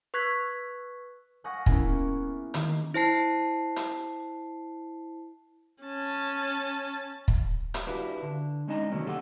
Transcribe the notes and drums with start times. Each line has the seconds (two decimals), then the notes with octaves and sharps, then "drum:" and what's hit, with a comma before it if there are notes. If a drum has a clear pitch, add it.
0.14 B4 C#6 F#6 G#6 B6
1.44 F5 F#5 G#5 C#6 D#6 A#6
1.66 A#3 B3 C#4 E4 G#4 A#4, drum: kick
2.54 D#3 A#3, drum: hi-hat
2.94 E4 C5 A5 C7
3.76 drum: hi-hat
5.83 C#4 A5
7.28 drum: kick
7.74 drum: hi-hat
7.87 D4 E4 F#4 G4 B4 F5
8.23 D3
8.67 G#3 C#4 D#4 D#5 A5 A#5
8.92 C3 D#3 F#3 A3 A#3 C#4
9.05 F4 G4 A4 D5 F#5 G5